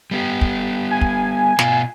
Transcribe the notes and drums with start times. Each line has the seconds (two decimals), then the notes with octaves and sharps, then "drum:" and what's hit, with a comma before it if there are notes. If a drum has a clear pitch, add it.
0.11 G3 B3 G4
0.41 drum: kick
0.91 G#5
1.01 drum: kick
1.59 B2 F4, drum: snare